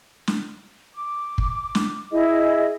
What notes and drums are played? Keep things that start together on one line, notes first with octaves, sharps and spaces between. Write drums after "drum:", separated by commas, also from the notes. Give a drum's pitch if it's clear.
drum: snare
D6
drum: kick
drum: snare
E4 G#4 D#5